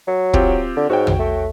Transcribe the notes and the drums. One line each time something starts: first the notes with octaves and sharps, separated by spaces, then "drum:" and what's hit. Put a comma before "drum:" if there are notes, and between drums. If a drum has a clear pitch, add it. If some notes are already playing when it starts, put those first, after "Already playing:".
F#3
C4 F4 G4, drum: kick
D3
G#2 F#4 C#5 G5
drum: tom
A3